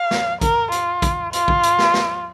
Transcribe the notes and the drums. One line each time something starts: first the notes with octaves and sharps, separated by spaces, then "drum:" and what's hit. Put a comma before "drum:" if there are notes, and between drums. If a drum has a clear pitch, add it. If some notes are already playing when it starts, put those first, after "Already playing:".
Already playing: F5
drum: snare
A#4, drum: kick, hi-hat
F4, drum: hi-hat
drum: kick, hi-hat
F4, drum: hi-hat
drum: kick
drum: hi-hat
drum: snare
drum: snare